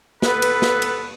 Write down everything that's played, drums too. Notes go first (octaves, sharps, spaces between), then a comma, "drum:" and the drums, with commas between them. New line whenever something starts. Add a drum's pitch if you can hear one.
B3 A4 B4, drum: snare
drum: cymbal
drum: snare
drum: cymbal